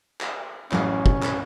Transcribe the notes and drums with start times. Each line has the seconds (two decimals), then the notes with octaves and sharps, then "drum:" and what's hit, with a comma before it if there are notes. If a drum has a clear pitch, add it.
0.21 drum: clap
0.72 A1 F#2 C#4 F5, drum: clap
1.06 drum: kick
1.23 drum: clap